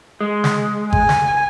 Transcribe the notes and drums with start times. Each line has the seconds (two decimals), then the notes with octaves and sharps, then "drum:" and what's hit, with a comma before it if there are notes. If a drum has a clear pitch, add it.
0.21 G#3
0.44 drum: snare
0.93 G#5, drum: kick G#1
1.09 drum: snare